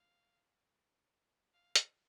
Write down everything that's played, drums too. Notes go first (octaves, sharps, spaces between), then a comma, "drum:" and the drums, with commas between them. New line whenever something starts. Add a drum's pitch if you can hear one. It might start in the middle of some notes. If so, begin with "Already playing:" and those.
Already playing: F5
F5
drum: hi-hat